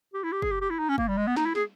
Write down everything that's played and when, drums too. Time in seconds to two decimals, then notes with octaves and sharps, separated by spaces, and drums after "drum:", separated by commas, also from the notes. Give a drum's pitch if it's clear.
0.14 G4
0.24 E4
0.32 G4
0.42 G#4, drum: kick
0.51 G4
0.61 G4
0.70 E4
0.79 D#4
0.89 C#4
0.98 A#3, drum: kick
1.08 G3
1.17 G#3
1.27 B3
1.36 D#4, drum: snare
1.46 E4
1.55 G#4, drum: snare